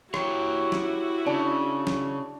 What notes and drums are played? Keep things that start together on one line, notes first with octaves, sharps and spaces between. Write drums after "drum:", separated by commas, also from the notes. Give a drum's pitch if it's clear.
E4 F#4 G4 C#5, drum: rim click
drum: snare
C#3 D4
drum: snare